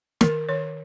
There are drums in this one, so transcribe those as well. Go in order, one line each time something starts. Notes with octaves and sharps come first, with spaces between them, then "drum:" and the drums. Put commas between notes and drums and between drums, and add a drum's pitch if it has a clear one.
D#3 A#4, drum: snare
D#3 C#5